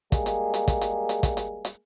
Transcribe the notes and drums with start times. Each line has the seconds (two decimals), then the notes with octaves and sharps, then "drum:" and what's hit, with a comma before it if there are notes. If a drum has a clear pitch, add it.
0.12 G3 G#3 A#3 G#4, drum: kick, hi-hat
0.26 drum: hi-hat
0.54 drum: hi-hat
0.68 drum: kick, hi-hat
0.81 drum: hi-hat
1.09 drum: hi-hat
1.23 drum: kick, hi-hat
1.37 drum: hi-hat
1.65 drum: hi-hat